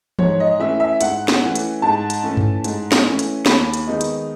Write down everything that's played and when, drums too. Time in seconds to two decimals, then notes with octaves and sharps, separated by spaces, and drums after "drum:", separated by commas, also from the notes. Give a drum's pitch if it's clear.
0.19 G#2 C#5, drum: tom E3
0.40 D#5
0.59 E3 A3 C#4 E5
0.80 E5
1.01 G#2 F#5, drum: hi-hat
1.28 drum: snare
1.42 E3 A3 C#4
1.55 drum: hi-hat
1.82 G#2 A5
2.10 drum: hi-hat
2.23 E3 A3 C#4
2.37 drum: tom G2
2.64 G#2, drum: hi-hat
2.92 drum: snare
3.06 E3 A3 C#4
3.19 drum: hi-hat
3.46 D#2 B5, drum: snare
3.73 drum: hi-hat
3.87 D#3 G#3 B3 D#4
4.01 drum: hi-hat